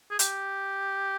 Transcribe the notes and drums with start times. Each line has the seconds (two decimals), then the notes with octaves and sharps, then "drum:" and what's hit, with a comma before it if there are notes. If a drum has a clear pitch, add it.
0.11 G#4
0.19 G4, drum: hi-hat